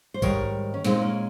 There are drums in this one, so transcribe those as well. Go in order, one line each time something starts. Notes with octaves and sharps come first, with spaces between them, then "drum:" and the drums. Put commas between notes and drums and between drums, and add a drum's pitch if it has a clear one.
C5
G#2 D#3 G3 A#4 C#5, drum: kick A#1, tambourine
C#4
A#2 G#3 C4 D#4, drum: snare
A#3 C#4